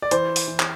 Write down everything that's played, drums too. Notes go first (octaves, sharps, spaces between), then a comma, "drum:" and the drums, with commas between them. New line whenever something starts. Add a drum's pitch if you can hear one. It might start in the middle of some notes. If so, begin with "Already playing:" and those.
D5
E3 C5, drum: hi-hat
drum: open hi-hat
E3
drum: clap